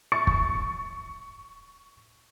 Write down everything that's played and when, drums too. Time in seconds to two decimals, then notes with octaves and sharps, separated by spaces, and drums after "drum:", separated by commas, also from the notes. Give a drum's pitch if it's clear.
0.12 C#6 A6 C#7
0.27 drum: kick